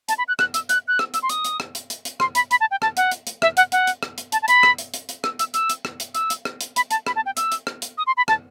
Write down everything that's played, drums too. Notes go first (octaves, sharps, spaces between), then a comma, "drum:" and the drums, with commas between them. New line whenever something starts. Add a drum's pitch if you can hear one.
A5, drum: hi-hat
B5
F#6
F#6, drum: rim click
E6, drum: hi-hat
F#6, drum: hi-hat
F#6
E6, drum: rim click
E6, drum: hi-hat
C6
D#6, drum: hi-hat
drum: hi-hat
drum: rim click
drum: hi-hat
drum: hi-hat
drum: hi-hat
C6, drum: rim click
B5, drum: hi-hat
B5, drum: hi-hat
A5
G5
A5, drum: rim click
F#5, drum: hi-hat
drum: hi-hat
drum: hi-hat
E5, drum: rim click
F#5, drum: hi-hat
F#5, drum: hi-hat
drum: hi-hat
drum: rim click
drum: hi-hat
A5, drum: hi-hat
A5
B5, drum: hi-hat
drum: rim click
drum: hi-hat
drum: hi-hat
drum: hi-hat
E6, drum: rim click
E6, drum: hi-hat
E6, drum: hi-hat
drum: hi-hat
drum: rim click
drum: hi-hat
E6, drum: hi-hat
drum: hi-hat
drum: rim click
drum: hi-hat
B5, drum: hi-hat
A5, drum: hi-hat
B5, drum: rim click
A5
G5
E6, drum: hi-hat
drum: hi-hat
drum: rim click
drum: hi-hat
D#6
C6
B5
A5, drum: rim click